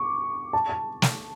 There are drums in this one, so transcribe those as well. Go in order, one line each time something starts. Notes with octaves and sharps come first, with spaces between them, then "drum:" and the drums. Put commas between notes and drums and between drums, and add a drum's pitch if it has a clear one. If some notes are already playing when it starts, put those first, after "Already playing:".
Already playing: C#6 D6
A5
A5
drum: snare